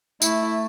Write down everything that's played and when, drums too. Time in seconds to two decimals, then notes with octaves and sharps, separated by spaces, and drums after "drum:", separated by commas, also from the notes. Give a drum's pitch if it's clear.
0.22 A3 E4, drum: tambourine